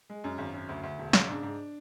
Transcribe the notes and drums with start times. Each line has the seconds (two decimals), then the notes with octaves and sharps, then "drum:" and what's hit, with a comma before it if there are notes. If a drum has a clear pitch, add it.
0.10 G#3
0.24 F#2
0.38 G#1
0.53 F#2
0.69 D2
0.83 D2
0.99 E1
1.13 C#3, drum: snare
1.28 G#2 D4
1.43 G#2